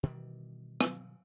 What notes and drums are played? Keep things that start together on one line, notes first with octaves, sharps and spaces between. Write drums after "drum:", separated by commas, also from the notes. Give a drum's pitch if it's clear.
B2 D#3 E3 G3
drum: rim click